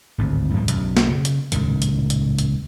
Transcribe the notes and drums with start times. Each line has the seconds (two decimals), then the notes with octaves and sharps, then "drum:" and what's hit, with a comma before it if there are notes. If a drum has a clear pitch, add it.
0.18 G#1 D2 A2 C4
0.53 F#2 A2 D3 E3
0.68 B1 F#2 B2, drum: hi-hat
0.97 drum: snare
1.09 C#3
1.25 drum: hi-hat
1.52 D#1 C#2 A2 D#3, drum: hi-hat
1.82 drum: hi-hat
2.10 drum: hi-hat
2.38 drum: hi-hat